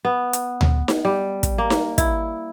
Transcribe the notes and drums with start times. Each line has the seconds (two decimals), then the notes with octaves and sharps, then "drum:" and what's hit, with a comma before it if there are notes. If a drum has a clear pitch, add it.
0.05 B3
0.33 drum: hi-hat
0.61 drum: tom D2
0.88 drum: snare D#4
1.05 G3
1.43 drum: kick, hi-hat
1.58 A#3
1.70 drum: snare D#4
1.98 E4, drum: kick, hi-hat